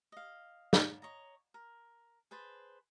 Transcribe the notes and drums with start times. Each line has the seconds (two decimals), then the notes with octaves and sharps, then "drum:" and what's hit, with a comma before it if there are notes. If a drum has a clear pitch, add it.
0.12 D#5 F5
0.73 drum: snare
1.02 C#5 D#5 A#5
1.54 A#4
2.31 G#4 B4 C5 A5